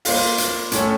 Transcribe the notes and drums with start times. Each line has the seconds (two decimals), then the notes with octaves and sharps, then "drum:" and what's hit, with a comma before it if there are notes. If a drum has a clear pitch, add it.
0.05 A#3 F4 C5 F5, drum: open hi-hat
0.38 drum: hi-hat
0.72 A2 A3 C#4, drum: hi-hat